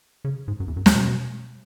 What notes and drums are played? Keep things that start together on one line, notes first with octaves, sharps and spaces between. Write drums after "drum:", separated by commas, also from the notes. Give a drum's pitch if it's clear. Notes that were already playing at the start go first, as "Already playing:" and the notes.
C#3
G#2
F#2
E2
F#2
E2, drum: snare
B2